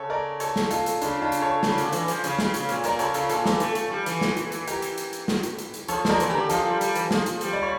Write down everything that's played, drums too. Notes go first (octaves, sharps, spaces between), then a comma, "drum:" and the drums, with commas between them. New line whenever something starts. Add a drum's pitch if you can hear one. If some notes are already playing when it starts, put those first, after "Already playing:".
Already playing: C#3 A4 C#5
A#4 D5
A4 C#5, drum: hi-hat
drum: snare
F4 A4, drum: hi-hat
drum: hi-hat
C#3 D4 F4, drum: hi-hat
D4 F4
drum: hi-hat
A4 C#5
C#3, drum: snare
D3, drum: hi-hat
E3, drum: hi-hat
F3, drum: hi-hat
C#3, drum: hi-hat
C#3, drum: snare
C#3, drum: hi-hat
A#2, drum: hi-hat
A#2 A#4 D5, drum: hi-hat
C#3 A4 C#5, drum: hi-hat
C#3 F4 A4, drum: hi-hat
A#2 F4 A4, drum: hi-hat
E3, drum: snare
A3, drum: hi-hat
A3, drum: hi-hat
G3
E3, drum: hi-hat
drum: snare
drum: hi-hat
drum: hi-hat
G4 A#4, drum: hi-hat
drum: hi-hat
drum: hi-hat
drum: hi-hat
drum: snare
drum: hi-hat
drum: hi-hat
drum: hi-hat
F3 A4 C#5, drum: hi-hat
F3 A#4 D5, drum: snare
E3, drum: hi-hat
D3 G4 A#4
F3 F4 A4, drum: hi-hat
G3
G3, drum: hi-hat
E3, drum: hi-hat
F3, drum: snare
drum: hi-hat
G3, drum: hi-hat
D5
C#5